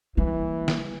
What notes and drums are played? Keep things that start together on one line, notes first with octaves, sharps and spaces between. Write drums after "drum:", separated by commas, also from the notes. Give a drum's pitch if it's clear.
E3 G3 A#3
drum: snare